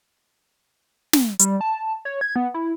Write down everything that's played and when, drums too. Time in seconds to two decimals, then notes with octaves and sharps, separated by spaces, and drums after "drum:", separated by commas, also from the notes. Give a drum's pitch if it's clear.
1.13 drum: snare
1.40 G3, drum: hi-hat
1.61 A5
2.05 C#5
2.21 G#6
2.36 B3
2.54 E4